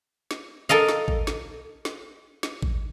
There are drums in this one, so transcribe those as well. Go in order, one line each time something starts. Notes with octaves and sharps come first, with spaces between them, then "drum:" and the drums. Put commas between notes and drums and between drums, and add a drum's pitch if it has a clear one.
drum: snare
A4 A#4 D#5 F5
drum: snare
drum: kick A1
drum: snare
drum: snare
drum: snare
drum: kick A1